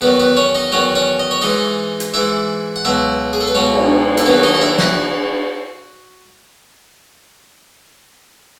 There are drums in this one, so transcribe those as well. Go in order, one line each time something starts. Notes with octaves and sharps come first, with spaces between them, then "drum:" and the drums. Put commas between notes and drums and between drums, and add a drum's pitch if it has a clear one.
E2 D#3 F#3 B3 B4
B3 B4
C#4 C#5
D#4 D#5
E2 D#3 F#3 C#4 C#5
C#4 C#5
D#5
C#5
G#2 E3 D#4 D#5
drum: hi-hat
G#2 E3 E4 E5
F#5
C#2 B2 F#3 E4 E5
G#4
A4
B4
C#2 B2 F#3 C#4 C#5
drum: cymbal
A4, drum: hi-hat
D#2 D#3 F#3 B3 B4
D#4 D#5
F#5
E4 E5
F#4 F#5, drum: snare